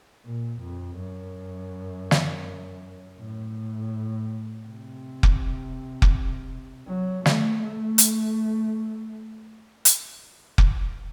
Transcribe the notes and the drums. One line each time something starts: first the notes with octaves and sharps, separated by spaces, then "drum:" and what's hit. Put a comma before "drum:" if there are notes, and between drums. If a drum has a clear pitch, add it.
A#2
F2
F#2
drum: snare
A2
C3
drum: kick F1
drum: kick F1
F#3
A3, drum: snare
A3
drum: hi-hat
drum: hi-hat
drum: kick F1